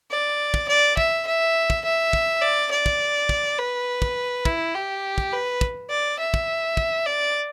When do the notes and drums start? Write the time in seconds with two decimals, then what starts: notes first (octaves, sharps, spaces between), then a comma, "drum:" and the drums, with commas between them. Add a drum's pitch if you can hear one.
0.11 D5
0.54 drum: kick
0.68 D5
0.97 E5, drum: kick
1.27 E5
1.70 drum: kick
1.85 E5
2.13 drum: kick
2.42 D5
2.71 D5
2.86 drum: kick
3.29 drum: kick
3.58 B4
4.02 drum: kick
4.45 E4, drum: kick
4.74 G4
5.18 drum: kick
5.33 B4
5.61 drum: kick
5.90 D5
6.19 E5
6.34 drum: kick
6.77 drum: kick
7.06 D5